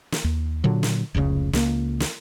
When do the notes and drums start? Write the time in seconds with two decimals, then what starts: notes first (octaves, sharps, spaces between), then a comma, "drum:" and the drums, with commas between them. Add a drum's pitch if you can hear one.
0.12 drum: snare
0.24 D#2
0.64 A#2 D3 F#3
0.83 drum: snare
1.14 F1 C#2 A2 C#3
1.53 C#2 A#3, drum: snare
2.00 drum: snare